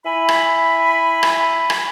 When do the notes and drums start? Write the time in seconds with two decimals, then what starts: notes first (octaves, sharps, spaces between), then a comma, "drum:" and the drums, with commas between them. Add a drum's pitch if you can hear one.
0.05 E4 E5 G#5 B5
0.29 drum: rim click
1.23 drum: rim click
1.70 drum: rim click